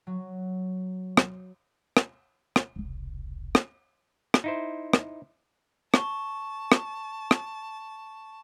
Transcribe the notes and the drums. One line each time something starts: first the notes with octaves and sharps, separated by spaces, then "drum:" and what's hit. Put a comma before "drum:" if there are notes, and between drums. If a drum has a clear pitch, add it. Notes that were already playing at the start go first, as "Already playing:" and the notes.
F#3
drum: rim click
drum: rim click
drum: rim click
E1 C2
drum: rim click
drum: rim click
D#4 E4 C5
drum: rim click
A5 C#6, drum: rim click
drum: rim click
drum: rim click